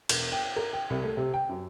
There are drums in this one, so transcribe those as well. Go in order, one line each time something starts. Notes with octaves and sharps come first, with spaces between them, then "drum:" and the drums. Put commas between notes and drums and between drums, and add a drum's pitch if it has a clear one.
E1, drum: cymbal
G5
A#4
G5
C2
A3
C3
G5
F#2